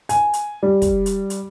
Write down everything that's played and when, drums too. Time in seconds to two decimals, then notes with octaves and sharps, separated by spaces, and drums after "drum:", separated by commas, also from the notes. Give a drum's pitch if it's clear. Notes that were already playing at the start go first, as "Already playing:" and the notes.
0.09 G#5, drum: hi-hat
0.33 drum: hi-hat
0.63 G3
0.82 drum: kick, hi-hat
1.06 drum: hi-hat
1.30 drum: hi-hat